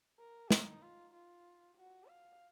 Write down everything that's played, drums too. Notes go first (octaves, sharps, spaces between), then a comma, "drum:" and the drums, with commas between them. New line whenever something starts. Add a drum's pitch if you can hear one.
A#4
D#4, drum: snare
F4
F4
F#4
F5